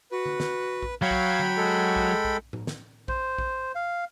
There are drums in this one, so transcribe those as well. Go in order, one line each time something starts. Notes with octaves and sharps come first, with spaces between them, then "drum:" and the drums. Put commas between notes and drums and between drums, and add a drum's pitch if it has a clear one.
F#4 B4
drum: tom D3
drum: snare
drum: kick A#1
F#3 C#5 F5 G5 B5
drum: kick A#1
drum: tom D3
G#3 G#4 A4
drum: kick A#1
drum: kick A#1
drum: tom A2
drum: snare
C5, drum: kick A#1
drum: kick A#1
F5